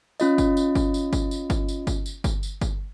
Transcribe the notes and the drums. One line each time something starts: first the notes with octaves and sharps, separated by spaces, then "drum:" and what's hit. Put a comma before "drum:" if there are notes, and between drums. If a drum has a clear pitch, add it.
C#4 F4 D#5, drum: tambourine
drum: kick G1, tambourine
drum: tambourine
drum: kick G1, tambourine
drum: tambourine
drum: kick G1, tambourine
drum: tambourine
drum: kick G1, tambourine
drum: tambourine
drum: kick G1, tambourine
drum: tambourine
drum: kick G1, tambourine
drum: tambourine
drum: kick G1, tambourine